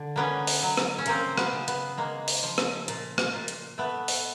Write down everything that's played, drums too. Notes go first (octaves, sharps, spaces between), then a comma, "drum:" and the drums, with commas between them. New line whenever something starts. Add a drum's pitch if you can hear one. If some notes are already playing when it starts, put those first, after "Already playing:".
Already playing: D3
A#3 B3 C#4
drum: open hi-hat
F#3
drum: rim click
C#4
C#3 A#3 C4, drum: hi-hat
B3, drum: rim click
C#3
B3, drum: hi-hat
G#3 A#3
drum: open hi-hat
F3
drum: rim click
A#2, drum: hi-hat
drum: rim click
A#2
drum: hi-hat
A3 B3
drum: open hi-hat